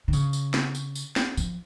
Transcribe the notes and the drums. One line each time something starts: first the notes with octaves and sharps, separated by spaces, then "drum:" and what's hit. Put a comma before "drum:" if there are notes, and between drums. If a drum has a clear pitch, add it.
D#3
C#3, drum: tambourine
drum: tambourine
drum: snare
drum: tambourine
drum: tambourine
drum: snare
F3, drum: tambourine